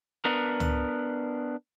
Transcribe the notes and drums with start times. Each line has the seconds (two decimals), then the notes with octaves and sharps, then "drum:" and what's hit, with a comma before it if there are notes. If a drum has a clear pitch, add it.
0.25 B3 D4 A#4
0.60 drum: tom C#2